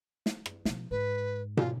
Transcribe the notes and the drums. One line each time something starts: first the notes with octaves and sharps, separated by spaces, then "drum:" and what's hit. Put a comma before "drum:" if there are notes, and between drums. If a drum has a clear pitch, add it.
drum: snare
drum: rim click
B2 F3, drum: snare
G#2 B4
F4, drum: tom